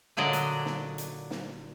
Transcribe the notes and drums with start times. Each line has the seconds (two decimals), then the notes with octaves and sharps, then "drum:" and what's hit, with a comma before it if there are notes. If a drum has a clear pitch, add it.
0.17 A#2 D3 F#3 D5 D#5
0.33 drum: hi-hat
0.66 drum: snare
0.98 drum: hi-hat
1.31 drum: snare